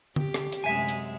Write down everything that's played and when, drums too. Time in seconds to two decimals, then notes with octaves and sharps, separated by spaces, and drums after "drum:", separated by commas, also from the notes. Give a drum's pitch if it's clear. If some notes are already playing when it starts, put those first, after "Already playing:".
0.16 G4, drum: tom D3
0.34 drum: rim click
0.52 drum: hi-hat
0.64 F#2 C3 G#3 E5 G#5
0.89 drum: hi-hat